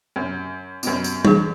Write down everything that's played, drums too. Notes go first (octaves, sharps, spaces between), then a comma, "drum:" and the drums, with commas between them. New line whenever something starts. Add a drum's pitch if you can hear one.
F#2
F#2 B2, drum: tambourine
drum: tambourine
E3 G#4, drum: tom